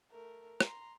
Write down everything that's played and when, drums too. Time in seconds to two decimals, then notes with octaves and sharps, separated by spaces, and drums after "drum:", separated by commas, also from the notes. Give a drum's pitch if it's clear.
0.11 A3 A#4
0.60 A#5 C6, drum: rim click